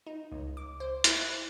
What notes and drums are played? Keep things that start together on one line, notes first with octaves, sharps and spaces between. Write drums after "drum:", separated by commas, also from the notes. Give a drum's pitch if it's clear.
D#4
C#2
D6
C5
E4, drum: hi-hat
F#6